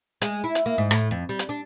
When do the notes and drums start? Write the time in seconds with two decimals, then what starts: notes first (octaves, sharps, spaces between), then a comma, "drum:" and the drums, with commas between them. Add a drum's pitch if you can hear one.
0.22 G#3, drum: hi-hat
0.44 E4
0.55 drum: hi-hat
0.66 A#3
0.78 G#2
0.91 A2, drum: rim click
1.11 F2
1.29 G3
1.39 drum: hi-hat
1.49 D4